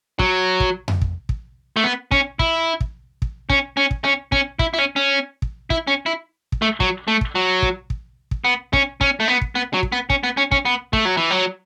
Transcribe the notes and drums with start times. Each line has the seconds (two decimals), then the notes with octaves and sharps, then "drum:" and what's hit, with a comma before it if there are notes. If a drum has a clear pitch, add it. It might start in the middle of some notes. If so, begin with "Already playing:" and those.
0.19 F#3, drum: kick
0.60 drum: kick
0.88 drum: tom F2
1.01 drum: kick
1.29 drum: kick
1.76 A3
1.84 B3
2.11 C#4, drum: kick
2.39 E4, drum: kick
2.81 drum: kick
3.22 drum: kick
3.50 C#4, drum: kick
3.77 C#4
3.91 drum: kick
4.04 C#4
4.32 C#4, drum: kick
4.59 E4, drum: kick
4.74 E4
4.78 C#4
4.96 C#4
5.42 drum: kick
5.70 E4, drum: kick
5.87 C#4
6.06 E4
6.52 drum: kick
6.62 A3
6.80 F#3, drum: kick
7.08 A3
7.21 drum: kick
7.35 F#3
7.62 drum: kick
7.90 drum: kick
8.31 drum: kick
8.45 B3
8.73 C#4, drum: kick
9.01 C#4, drum: kick
9.20 A3
9.28 B3
9.41 drum: kick
9.55 B3
9.74 F#3
9.83 drum: kick
9.92 B3
10.10 C#4, drum: kick
10.23 B3
10.37 C#4
10.52 C#4, drum: kick
10.65 B3
10.93 A3, drum: kick
11.05 F#3
11.17 E3
11.30 F#3